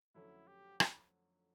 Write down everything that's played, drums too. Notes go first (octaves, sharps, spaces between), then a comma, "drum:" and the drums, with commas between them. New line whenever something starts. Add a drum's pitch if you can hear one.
F2 D3 F#3 A3 C#4 E4
G4
drum: rim click